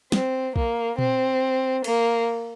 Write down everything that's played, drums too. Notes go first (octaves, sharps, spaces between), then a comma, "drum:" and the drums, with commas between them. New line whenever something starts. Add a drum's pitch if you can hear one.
C4, drum: snare
A#3, drum: kick
C4, drum: tom A#2
A#3, drum: cymbal